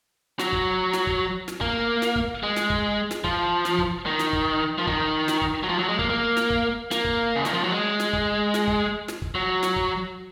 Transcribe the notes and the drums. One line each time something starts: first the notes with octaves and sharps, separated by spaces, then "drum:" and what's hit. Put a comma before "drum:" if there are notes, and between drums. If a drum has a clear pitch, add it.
F#3, drum: snare
drum: kick
drum: snare
drum: kick
drum: snare
A#3, drum: kick
drum: snare
drum: kick
G#3
drum: snare
drum: kick
drum: snare
F3, drum: kick
drum: snare
drum: kick
D#3
drum: snare
drum: kick
F3
D#3, drum: kick
drum: snare
drum: kick
F#3
F3
F#3
G#3
A#3, drum: kick
A#3
drum: snare
drum: kick
A#3, drum: snare
drum: kick
C#3
D#3, drum: snare
F3
F#3
G#3
drum: snare
drum: kick
drum: snare
drum: kick
drum: snare
drum: kick
F#3
drum: snare
drum: kick